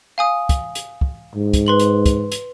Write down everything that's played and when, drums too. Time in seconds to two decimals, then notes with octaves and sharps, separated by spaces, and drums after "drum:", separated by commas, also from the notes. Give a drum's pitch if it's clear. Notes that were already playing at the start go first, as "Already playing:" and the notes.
0.18 F5 G#5 D#6
0.49 drum: kick, hi-hat
0.75 drum: hi-hat
1.01 drum: kick
1.35 G#2
1.53 drum: kick, hi-hat
1.66 B4 C6 F#7
1.79 drum: hi-hat
2.06 drum: kick, hi-hat
2.32 drum: hi-hat